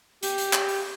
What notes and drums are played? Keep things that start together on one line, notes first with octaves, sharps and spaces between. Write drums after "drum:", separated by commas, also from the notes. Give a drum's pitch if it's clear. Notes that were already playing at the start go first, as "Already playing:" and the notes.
G4, drum: hi-hat
drum: hi-hat
drum: clap
drum: open hi-hat